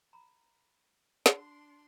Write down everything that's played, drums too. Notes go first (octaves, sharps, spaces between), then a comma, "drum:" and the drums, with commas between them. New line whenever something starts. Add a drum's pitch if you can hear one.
A#5 B5
D4 F#4 C6, drum: snare